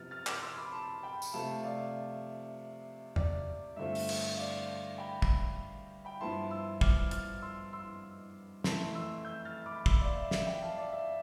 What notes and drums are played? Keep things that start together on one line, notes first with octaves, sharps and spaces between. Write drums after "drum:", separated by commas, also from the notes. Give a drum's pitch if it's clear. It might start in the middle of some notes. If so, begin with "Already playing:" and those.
Already playing: C3 F3 B3 F6 A6
F6 A6
D6 F6, drum: clap
C6 E6
B5 D6
A5 C6
G5 B5
drum: tambourine
C3 F3 A3 F5 A5
D5 F5
D5, drum: tom E2
G2 D3 A3 C4 F4 E5
drum: open hi-hat
drum: cymbal
D5 F5
G5 B5
drum: kick
G5 B5
G2 F3 B3 E4 A5 C6
C6 E6
D6 F6, drum: kick
F6 A6, drum: hi-hat
C6 E6
C6 E6
F2 E3 A3 A5 C6, drum: snare
C6 E6
E6 G6
F6 A6
B5 D6
C6 E6, drum: kick
D5 F5
E5
E5, drum: snare
E5 G5
F5 A5
D5
E5